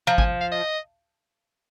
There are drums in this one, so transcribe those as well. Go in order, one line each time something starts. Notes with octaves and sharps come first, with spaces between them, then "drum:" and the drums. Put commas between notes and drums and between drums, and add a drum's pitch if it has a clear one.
F3 A#5
G#5, drum: kick G#1
F5
D#5